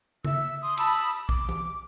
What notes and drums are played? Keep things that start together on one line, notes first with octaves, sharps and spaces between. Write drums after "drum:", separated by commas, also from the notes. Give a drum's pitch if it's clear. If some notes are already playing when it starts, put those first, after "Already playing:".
E5 E6, drum: tom C#3
C6 D#6
A5 B5 D#6 E6, drum: cymbal
D6, drum: kick B1
drum: tom E3